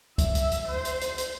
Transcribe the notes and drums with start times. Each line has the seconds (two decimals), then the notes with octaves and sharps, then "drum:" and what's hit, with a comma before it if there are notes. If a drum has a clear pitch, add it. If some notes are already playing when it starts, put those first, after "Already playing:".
0.18 E5, drum: kick, hi-hat
0.35 drum: hi-hat
0.51 drum: hi-hat
0.68 C5
0.85 drum: hi-hat
1.01 drum: hi-hat
1.18 drum: hi-hat